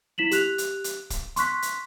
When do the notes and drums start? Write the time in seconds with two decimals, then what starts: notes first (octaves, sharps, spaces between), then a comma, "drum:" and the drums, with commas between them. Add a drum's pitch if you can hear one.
0.18 E4 B6 E7 F#7
0.31 G4 F#6 F7, drum: hi-hat
0.58 drum: hi-hat
0.84 drum: hi-hat
1.10 drum: kick, hi-hat
1.36 C6 C#6 F#6 B6, drum: hi-hat
1.62 drum: hi-hat